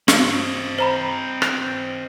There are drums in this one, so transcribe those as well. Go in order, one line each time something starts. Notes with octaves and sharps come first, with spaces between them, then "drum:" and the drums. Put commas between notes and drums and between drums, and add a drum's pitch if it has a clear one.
C4 D#5, drum: snare
C5 A#5 B5
drum: rim click